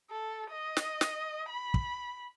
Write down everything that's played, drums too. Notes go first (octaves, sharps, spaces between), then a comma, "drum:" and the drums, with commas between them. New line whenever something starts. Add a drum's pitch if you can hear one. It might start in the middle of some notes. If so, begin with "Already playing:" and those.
A4
D#5
drum: snare
drum: snare
B5
drum: kick